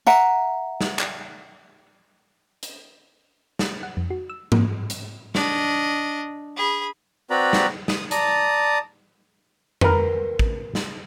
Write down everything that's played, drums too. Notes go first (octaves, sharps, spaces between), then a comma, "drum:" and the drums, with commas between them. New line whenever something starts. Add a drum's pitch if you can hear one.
E5 F#5 A#5, drum: tambourine
drum: snare
drum: clap
drum: hi-hat
drum: snare
F#5
F2
F#4
E6
A#3, drum: tom G#2
drum: hi-hat
D4 D#5, drum: snare
G#4 B5
C4 F#4 B4 D5 A#5 B5
drum: snare
D#6, drum: snare
D5 A5 A#5 D#6, drum: hi-hat
A#4 B4, drum: tom F2
drum: kick
drum: snare